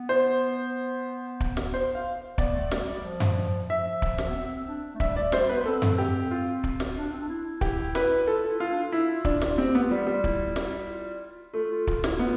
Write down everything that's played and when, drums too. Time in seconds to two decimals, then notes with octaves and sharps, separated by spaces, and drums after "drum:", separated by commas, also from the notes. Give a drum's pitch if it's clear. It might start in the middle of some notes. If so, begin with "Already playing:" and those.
Already playing: B3
0.09 C5
1.40 drum: kick
1.57 drum: snare
1.74 C5
1.95 F5
2.38 B3 D5, drum: kick
2.54 A3
2.71 G3, drum: snare
2.88 G3
3.03 F3
3.20 drum: tom F#2
3.69 F3 E5
4.02 drum: kick
4.18 drum: snare
4.29 B3
4.35 C4
4.68 D4
4.94 A3
5.00 G3 E5, drum: kick
5.16 A3 D5
5.32 G3 C5, drum: snare
5.49 B3 B4
5.61 B4
5.66 C4 A4
5.82 drum: tom F#2
5.98 G4
6.31 F4
6.64 drum: kick
6.80 drum: snare
6.96 D4
7.13 C4
7.21 D4
7.29 E4
7.61 E4 G4, drum: kick
7.95 B4, drum: snare
8.27 F4 A4
8.49 E4
8.60 F4
8.71 D4
8.92 E4 F4
9.25 D4 F4, drum: kick
9.42 drum: snare
9.57 C4 G4
9.75 B3
9.90 G3 F4
10.07 G3
10.24 E4, drum: kick
10.56 drum: snare
10.89 F4
11.54 A3 F4
11.71 F4
11.87 F4, drum: kick
12.04 E4, drum: snare
12.19 B3 F4